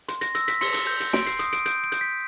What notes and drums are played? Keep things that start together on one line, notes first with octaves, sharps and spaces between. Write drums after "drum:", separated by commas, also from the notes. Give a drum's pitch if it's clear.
C6, drum: hi-hat
A#6, drum: hi-hat
E6 A#6, drum: hi-hat
B6, drum: hi-hat
C6 C#7, drum: open hi-hat
drum: hi-hat
G6
drum: hi-hat
C6 D7, drum: snare
C7, drum: hi-hat
D#6, drum: hi-hat
D7, drum: hi-hat
G6 D7, drum: hi-hat
D7
G6, drum: hi-hat
B6